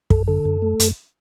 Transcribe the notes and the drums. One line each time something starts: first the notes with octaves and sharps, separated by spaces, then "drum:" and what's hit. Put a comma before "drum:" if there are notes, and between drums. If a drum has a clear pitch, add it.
F#2 A4, drum: kick
D3 A4
F#2
A3
F#2, drum: hi-hat